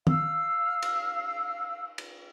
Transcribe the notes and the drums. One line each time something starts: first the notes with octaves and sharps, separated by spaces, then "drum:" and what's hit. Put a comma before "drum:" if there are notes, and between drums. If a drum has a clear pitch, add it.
F5 E6, drum: tom D#3
drum: cymbal
drum: cymbal